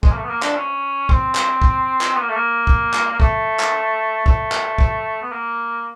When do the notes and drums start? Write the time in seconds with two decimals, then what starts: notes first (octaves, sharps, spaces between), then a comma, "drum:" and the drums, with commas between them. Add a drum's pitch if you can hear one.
0.03 G#3, drum: kick
0.11 A#3
0.16 A3
0.24 B3
0.30 A#3
0.43 D4, drum: clap
0.56 C#4
1.09 C4, drum: kick
1.35 drum: clap
1.62 drum: kick
2.01 drum: clap
2.15 B3
2.21 A#3
2.29 A3
2.36 A#3
2.67 drum: kick
2.94 drum: clap
3.11 A#3
3.20 A3, drum: kick
3.60 drum: clap
4.26 A3, drum: kick
4.52 drum: clap
4.78 drum: kick
5.22 B3
5.32 A#3